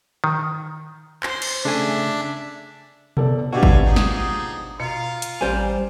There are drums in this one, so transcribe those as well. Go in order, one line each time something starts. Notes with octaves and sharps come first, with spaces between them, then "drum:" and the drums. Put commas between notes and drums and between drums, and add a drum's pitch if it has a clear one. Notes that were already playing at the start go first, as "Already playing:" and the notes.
D#3
C5 C6, drum: clap
drum: cymbal
C#3 A3 D4 E5 G#5
G1 A4 D5, drum: tom B2
B2 B3 D4 F#4 G4 E5 F5 G#5
drum: kick G#1
F3 D#4 G#4
drum: snare
B2 F4 A#4 F5 C#7
drum: hi-hat
A1 G3 C5 G#5